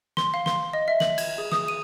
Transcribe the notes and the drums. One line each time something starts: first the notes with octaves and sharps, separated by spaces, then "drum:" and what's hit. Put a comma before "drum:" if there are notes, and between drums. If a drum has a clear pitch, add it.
C6, drum: snare
F5
C6, drum: snare
D#5
E5
F#7, drum: snare
G#6, drum: cymbal
G#4
D#6, drum: snare
D#7